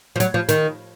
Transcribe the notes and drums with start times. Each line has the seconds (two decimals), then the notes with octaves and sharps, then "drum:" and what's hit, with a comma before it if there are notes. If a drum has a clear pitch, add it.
0.16 F3
0.20 F#3, drum: hi-hat
0.34 F3
0.49 D#3, drum: hi-hat